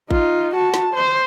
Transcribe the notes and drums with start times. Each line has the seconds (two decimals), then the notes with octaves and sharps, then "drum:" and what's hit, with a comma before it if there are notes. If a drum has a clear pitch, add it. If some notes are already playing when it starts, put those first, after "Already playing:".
0.11 D#4 F4, drum: kick A1
0.55 F#4 A5
0.74 drum: snare
0.94 C5